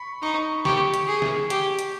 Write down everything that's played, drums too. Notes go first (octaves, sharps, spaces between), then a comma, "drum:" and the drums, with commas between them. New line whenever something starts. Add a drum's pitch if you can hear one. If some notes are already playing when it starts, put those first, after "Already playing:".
Already playing: B5 C#6
D#4 C#6
G4 C#6, drum: snare
drum: hi-hat
G#4
drum: snare
G4, drum: hi-hat
drum: hi-hat